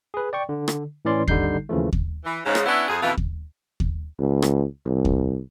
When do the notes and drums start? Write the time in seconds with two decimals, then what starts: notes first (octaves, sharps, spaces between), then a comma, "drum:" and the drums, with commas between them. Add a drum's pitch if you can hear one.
0.14 G#4 B4
0.33 D5 G5 C#6
0.49 D3
0.68 drum: rim click
1.05 A2 E3 C#4 D5 C6
1.28 G#1 D3 G3 D#4 G6 C7, drum: kick D#2
1.69 D#2 C#3 E3 F3 A3
1.93 drum: kick D#2
2.24 E3
2.45 G#2 C#3
2.55 drum: rim click
2.66 B3 C#4 D4 E4
2.88 F2 G#4
3.02 F2 B2 E3 E4 F4
3.17 drum: kick D#2
3.80 drum: kick D#2
4.20 C#2
4.42 drum: rim click
4.86 C2
5.05 drum: kick D#2